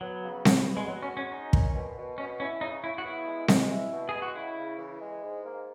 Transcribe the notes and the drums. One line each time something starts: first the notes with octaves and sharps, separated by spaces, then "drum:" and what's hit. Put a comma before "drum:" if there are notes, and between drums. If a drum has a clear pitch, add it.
F#3 B3
C#3
B3, drum: snare C4
B3
G#3
F#3 F#4
C#4
G#3
C#4
C#4 D#4
A#2, drum: kick
B2
B2
B2 C#4
C#4 E4
C#3 D#4
C#3 E4
F#4
B3 E4
G#3
G#3, drum: snare C4
E4
B2
G#3 G#4
F#4
C#3 E4
C#3
E3
G#3
G#2
A#3